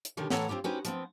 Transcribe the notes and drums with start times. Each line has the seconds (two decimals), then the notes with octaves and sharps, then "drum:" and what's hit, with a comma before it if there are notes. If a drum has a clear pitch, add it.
0.05 drum: hi-hat
0.17 B2 D3 D#3 G3 C#4
0.30 A2 E3 A4 C#5 F#5 A#5, drum: snare
0.48 C4 D#4 F4 G4 C#5
0.64 C#4 D#4 F#4 G4 B4 C5
0.85 F3 B3 C4, drum: hi-hat